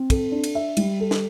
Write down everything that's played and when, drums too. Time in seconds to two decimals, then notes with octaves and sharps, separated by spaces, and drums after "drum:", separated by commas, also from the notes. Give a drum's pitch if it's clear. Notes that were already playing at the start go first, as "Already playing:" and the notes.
Already playing: C4
0.10 A4, drum: kick, cymbal
0.32 D4
0.44 drum: cymbal
0.55 E5
0.77 G3, drum: cymbal
1.00 A4
1.11 drum: snare